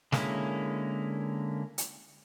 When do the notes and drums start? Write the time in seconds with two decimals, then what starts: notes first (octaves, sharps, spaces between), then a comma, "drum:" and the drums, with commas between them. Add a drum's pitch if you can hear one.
0.12 D3 G#3 A#3 C#4 E4, drum: snare
1.78 drum: hi-hat